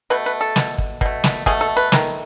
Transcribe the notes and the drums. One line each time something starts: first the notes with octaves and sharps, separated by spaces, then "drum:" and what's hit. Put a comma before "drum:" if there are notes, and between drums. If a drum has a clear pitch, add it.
B2 A3 B4
B4
A4
B2 A3, drum: snare
drum: kick
B2 A3, drum: kick
drum: snare
B2 A3 G#4, drum: kick
A4
B4
D#3 F#3 A3, drum: snare